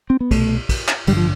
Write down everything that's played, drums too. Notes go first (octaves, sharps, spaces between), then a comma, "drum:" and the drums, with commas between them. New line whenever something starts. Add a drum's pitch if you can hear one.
C4
B3
C2 B2 A3, drum: kick, cymbal
drum: kick, cymbal
drum: clap
A1 G2 D3 G3, drum: cymbal
F3